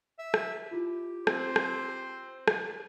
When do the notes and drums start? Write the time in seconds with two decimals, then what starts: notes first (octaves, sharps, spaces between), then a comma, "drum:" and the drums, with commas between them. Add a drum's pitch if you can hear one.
0.19 E5
0.34 drum: rim click
0.71 E4 F4 G4
1.27 C4 C5, drum: rim click
1.56 drum: rim click
2.48 drum: rim click